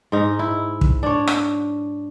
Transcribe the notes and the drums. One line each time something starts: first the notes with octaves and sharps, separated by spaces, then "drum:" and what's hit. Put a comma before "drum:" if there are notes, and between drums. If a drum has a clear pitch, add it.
G#2 D#4
E4
drum: kick
D4 C#5
drum: rim click